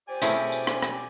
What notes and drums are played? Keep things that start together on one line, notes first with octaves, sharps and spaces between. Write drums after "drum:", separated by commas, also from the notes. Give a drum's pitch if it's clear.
G4 C5 D5 G#5
B2 A3 C4 C#4 E4 G#4, drum: tambourine
drum: tambourine
drum: rim click
drum: rim click